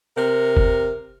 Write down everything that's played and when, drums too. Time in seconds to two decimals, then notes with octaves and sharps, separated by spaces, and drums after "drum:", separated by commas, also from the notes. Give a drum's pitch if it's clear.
0.16 C3 A#4
0.57 drum: kick F#1